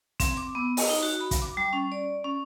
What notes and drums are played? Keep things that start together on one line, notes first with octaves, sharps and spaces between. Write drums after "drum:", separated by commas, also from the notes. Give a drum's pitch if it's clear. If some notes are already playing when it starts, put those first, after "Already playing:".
C4, drum: kick, hi-hat
D6
B3
D#5, drum: open hi-hat
D#4
F#4
B5
drum: kick, hi-hat
D6
G3
C#4
D5
C#4